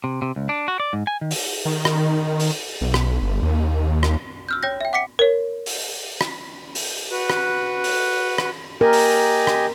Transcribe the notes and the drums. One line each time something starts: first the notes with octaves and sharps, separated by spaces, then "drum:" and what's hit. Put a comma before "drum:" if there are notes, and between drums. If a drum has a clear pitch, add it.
C3
C3
C#2
D4
F#4
D5
G#2
G#5
D#3
drum: open hi-hat
D#3
drum: rim click
drum: open hi-hat
B1
drum: rim click
G1
D#2
drum: rim click
E6 F6 G6
C#5 G5 G6 A#6
E5 G5
F#5 D6 B6 C#7
A#4 C#5
drum: open hi-hat
drum: rim click
drum: open hi-hat
F#4 B4
drum: rim click
drum: open hi-hat
drum: rim click
G4 A#4 D#5 G#5
drum: open hi-hat
drum: rim click